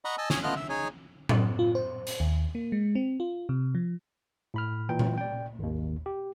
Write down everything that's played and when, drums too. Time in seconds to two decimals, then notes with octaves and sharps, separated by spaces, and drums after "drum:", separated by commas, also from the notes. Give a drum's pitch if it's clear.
0.05 D#5 F#5 A#5 B5 C#6 D#6
0.18 D#5 G#5 A5 E6
0.30 C#5 G#5 D#6, drum: snare
0.43 A3 B3 F4 D#5 F6 F#6
0.56 E5
0.69 D#4 G#4 C#5 G#5
1.29 drum: tom A2
1.59 F4
1.75 C5
2.07 drum: hi-hat
2.20 D#2
2.55 A#3
2.72 G#3
2.95 C4
3.20 F4
3.49 C3
3.75 F3
4.54 A2 B5 F6
4.89 A#2 E3 G5
4.99 drum: tom A#2
5.18 D5 G5
5.59 G#1 D#2
6.06 G4